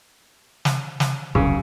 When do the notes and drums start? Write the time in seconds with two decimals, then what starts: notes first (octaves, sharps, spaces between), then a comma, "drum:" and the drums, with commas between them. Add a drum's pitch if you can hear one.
0.65 drum: snare
1.00 drum: snare
1.35 E1 C2 C#3 F#3, drum: kick